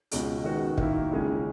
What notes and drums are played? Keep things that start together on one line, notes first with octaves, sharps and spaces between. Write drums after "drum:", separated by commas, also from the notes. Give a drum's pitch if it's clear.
C#2 B2 G#3 C#4 F#4, drum: hi-hat
D#3 G#3 B3 F#4
D#3 A#3 E4, drum: kick
C#2 C#3 G#3 C#4 G#4